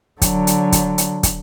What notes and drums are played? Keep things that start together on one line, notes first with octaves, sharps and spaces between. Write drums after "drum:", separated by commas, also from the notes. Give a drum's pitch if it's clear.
D3 F#3, drum: kick, hi-hat
drum: hi-hat
drum: kick, hi-hat
drum: hi-hat
drum: kick, hi-hat